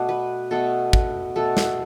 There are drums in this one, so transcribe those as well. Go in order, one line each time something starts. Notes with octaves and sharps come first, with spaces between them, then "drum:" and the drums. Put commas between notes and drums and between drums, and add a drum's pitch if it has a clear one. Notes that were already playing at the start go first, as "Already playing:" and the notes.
Already playing: B2 A3 D5
B4
B2 A3 A4
drum: kick
B2 A3 A4
drum: snare